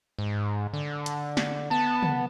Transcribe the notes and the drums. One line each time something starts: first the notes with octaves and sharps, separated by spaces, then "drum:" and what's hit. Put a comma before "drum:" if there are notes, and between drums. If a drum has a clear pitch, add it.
G#2
D3
drum: hi-hat
drum: snare
B3 A5
drum: tom